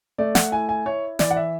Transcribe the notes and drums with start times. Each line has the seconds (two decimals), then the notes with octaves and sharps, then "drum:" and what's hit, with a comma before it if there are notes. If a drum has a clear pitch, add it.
0.18 A3 D5
0.35 F#5, drum: snare
0.52 E4 G#5
0.69 G#5
0.86 E4 C#5
1.19 E3 D5, drum: snare
1.31 F#5
1.36 E5